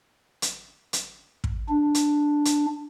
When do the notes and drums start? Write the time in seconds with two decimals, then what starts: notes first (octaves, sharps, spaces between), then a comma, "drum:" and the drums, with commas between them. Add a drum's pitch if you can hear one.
0.42 drum: hi-hat
0.93 drum: hi-hat
1.44 drum: kick
1.69 D4
1.95 drum: hi-hat
2.45 drum: hi-hat